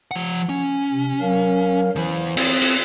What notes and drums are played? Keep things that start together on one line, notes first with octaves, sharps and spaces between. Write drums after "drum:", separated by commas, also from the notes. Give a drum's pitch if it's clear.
F3 F#5
C#4
C3
F#3 A#4 F5
E2 E3 C5
C4, drum: cymbal
drum: cymbal